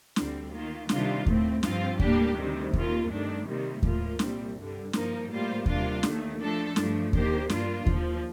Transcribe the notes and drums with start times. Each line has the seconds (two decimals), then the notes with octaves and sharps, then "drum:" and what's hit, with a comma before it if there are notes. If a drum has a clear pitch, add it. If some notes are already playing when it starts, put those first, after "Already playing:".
0.16 D2 D3 G3 C4, drum: snare
0.53 D#3 A#3 F4
0.89 C3 D#3 G3 D4 F4, drum: snare
1.26 A2 A3 C4, drum: kick D#2
1.63 G2 F3 C4 F4, drum: snare
1.99 A2 G3 A#3 D4 G4, drum: kick D#2
2.36 D2 C3 D#3 G3
2.73 D#2 D#3 A#3 F4, drum: kick D#2
3.09 G2 D#3 A3 D4
3.46 C3 D#3 G3 A#3
3.83 A2 F3 A#3 F4, drum: kick D#2
4.19 C2 A#2 G3 C4, drum: snare
4.56 G2 D3 G3
4.93 G2 F3 A#3 D#4 A#4, drum: snare
5.30 A2 G3 A#3 F4 C5
5.66 C3 G3 A#3 D4 F4, drum: kick D#2
6.03 D#2 D#3 A3, drum: snare
6.40 F3 A3 D4 A4
6.76 G2 F3 A3 D4, drum: snare
7.13 D#3 A#3 D4 G4 C5, drum: kick D#2
7.50 G2 F3 A#3 D4 F4, drum: snare
7.86 D#2 D3 F3, drum: kick D#2